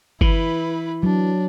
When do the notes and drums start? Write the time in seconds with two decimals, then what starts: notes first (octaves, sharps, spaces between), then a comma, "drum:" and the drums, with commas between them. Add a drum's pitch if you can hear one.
0.21 E3 E4 B4, drum: kick G1
1.03 F#3 D4